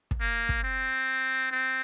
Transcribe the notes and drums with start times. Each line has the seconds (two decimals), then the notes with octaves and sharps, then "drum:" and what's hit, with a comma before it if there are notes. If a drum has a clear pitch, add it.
0.11 drum: kick
0.21 A#3
0.49 drum: kick
0.64 C4
1.51 C4